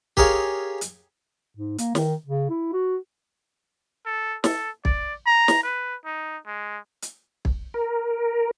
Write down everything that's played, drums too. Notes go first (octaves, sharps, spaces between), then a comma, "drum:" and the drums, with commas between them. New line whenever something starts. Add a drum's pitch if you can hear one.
G4 G#4 A#4 C#5 F5, drum: kick
drum: hi-hat
G#2
A#3, drum: hi-hat
D#3, drum: snare
C#3
E4
F#4
A4
A4, drum: snare
D5, drum: kick
A#5
drum: snare
B4
D#4
G#3
drum: hi-hat
drum: kick
A#4